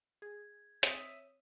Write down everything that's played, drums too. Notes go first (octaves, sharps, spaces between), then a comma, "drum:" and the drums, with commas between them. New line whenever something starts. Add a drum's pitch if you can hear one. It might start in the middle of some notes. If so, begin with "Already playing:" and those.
G#4 G#6
C4 C#5 D#5 E5 D#6, drum: hi-hat